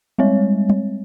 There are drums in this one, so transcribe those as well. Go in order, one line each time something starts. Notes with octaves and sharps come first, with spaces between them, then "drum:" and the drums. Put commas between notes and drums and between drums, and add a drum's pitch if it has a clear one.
G3 G#3 C4 C#5
drum: tom G3